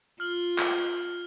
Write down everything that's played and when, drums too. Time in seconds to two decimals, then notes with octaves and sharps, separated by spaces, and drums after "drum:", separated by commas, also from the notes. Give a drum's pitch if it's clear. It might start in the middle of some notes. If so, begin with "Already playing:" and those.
0.20 F4 F6 F#7
0.58 drum: clap